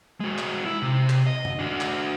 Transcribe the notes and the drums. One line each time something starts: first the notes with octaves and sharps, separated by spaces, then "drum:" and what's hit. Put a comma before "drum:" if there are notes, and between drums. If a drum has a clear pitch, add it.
G#3 F#4
drum: clap
E4
C3
drum: clap
D#5
drum: tom
D4 F#4
drum: clap